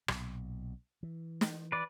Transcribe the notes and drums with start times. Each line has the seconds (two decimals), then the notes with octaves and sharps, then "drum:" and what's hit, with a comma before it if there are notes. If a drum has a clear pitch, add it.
0.08 B1 A#2, drum: rim click
1.03 E3
1.41 drum: snare
1.72 B4 D5